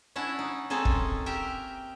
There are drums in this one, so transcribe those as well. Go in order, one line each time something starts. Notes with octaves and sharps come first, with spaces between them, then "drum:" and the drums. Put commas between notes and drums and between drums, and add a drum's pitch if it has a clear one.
C#4 D4 E4 F#5
D#4
A#3 C4 C#4 D#4 G#4 A4
drum: kick
G4 A#4 E5 G5